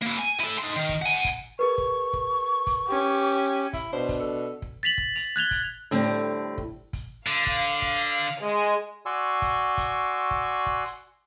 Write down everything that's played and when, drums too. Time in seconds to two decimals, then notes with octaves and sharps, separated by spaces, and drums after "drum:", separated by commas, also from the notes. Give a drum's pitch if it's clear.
0.02 A#3 E4
0.19 G#5
0.40 E4 A4
0.59 D#4 C6
0.76 D#3
0.89 drum: kick, hi-hat
1.02 F#5 G#5
1.25 drum: kick, hi-hat
1.59 G#4 A#4 B4 C#6
1.78 drum: kick
2.13 drum: kick
2.67 drum: kick, hi-hat
2.88 C#4 G4
3.73 E4, drum: kick, hi-hat
3.93 B2 D4 C5
4.09 drum: kick, hi-hat
4.20 A4
4.62 drum: kick
4.83 A6 B6 F7 F#7
4.98 drum: kick
5.16 F7, drum: hi-hat
5.36 F#6 G#6 F7 G7
5.51 drum: kick, hi-hat
5.91 A2 D3 G3 C4
6.58 drum: kick
6.93 drum: kick, hi-hat
7.27 D3 F5
7.47 drum: kick
7.82 drum: kick
8.00 drum: hi-hat
8.42 G#3
9.06 F#4 D5 G#5 C6 C#6 E6
9.42 drum: kick, hi-hat
9.78 drum: kick, hi-hat
10.31 drum: kick
10.66 drum: kick
10.84 drum: hi-hat